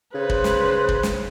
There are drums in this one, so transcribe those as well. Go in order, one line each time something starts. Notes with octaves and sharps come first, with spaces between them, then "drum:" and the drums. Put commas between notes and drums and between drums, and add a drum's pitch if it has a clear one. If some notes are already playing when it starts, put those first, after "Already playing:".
C#3 B4 C5
drum: kick
drum: snare
drum: kick
drum: snare